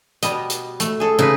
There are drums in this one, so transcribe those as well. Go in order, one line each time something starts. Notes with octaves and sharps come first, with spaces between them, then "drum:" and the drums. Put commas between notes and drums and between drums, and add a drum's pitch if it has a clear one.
B2 G3 B3 D#5, drum: hi-hat
drum: hi-hat
A3, drum: hi-hat
G#4 A4
C#3 D#4 G#4 B4